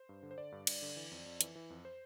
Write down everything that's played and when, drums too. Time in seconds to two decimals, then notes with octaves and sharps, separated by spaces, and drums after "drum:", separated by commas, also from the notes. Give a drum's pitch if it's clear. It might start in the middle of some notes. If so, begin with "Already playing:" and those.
Already playing: C5
0.09 G2
0.23 D3
0.31 C5
0.38 D3 D5
0.52 G2
0.67 G2, drum: cymbal
0.82 D3
0.96 E3
1.11 F2
1.26 F2
1.41 E3, drum: hi-hat
1.55 E3
1.70 F2
1.85 C5